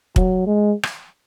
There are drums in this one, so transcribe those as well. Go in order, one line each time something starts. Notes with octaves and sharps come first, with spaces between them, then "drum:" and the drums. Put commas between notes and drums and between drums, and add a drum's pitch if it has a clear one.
F#3, drum: kick
G#3
drum: rim click